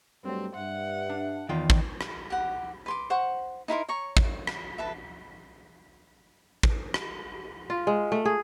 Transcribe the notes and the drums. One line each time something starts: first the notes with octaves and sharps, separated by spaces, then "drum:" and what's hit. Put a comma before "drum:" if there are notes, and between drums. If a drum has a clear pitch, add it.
G2 F#3 A3 C4
G2 E5 F#5
D4
E2 D#3 F4 G5
drum: kick
drum: rim click
G4 F#5
B4 C6 D6
C5 F#5 C#6
D#4 E4 A#4 C6
C#5 A#5 C#6
drum: kick
drum: rim click
A4 B4 E5
drum: kick
drum: rim click
F4
G#3
A3
G#4